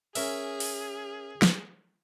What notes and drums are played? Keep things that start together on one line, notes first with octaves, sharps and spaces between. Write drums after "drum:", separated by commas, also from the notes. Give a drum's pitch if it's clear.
C#4 G#4 A#4 E5, drum: open hi-hat
drum: open hi-hat
drum: snare